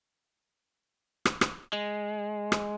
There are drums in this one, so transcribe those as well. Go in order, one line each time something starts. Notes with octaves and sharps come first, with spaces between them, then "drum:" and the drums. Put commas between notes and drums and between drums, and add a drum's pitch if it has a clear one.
drum: rim click
drum: rim click
G#3
drum: rim click